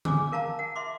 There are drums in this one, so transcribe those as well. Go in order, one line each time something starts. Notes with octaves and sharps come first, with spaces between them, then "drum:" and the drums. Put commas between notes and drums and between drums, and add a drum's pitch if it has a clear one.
G#4 G#5 D6, drum: tom D3
A#4 F5 A5 A#5
F#5
E5 C6 D6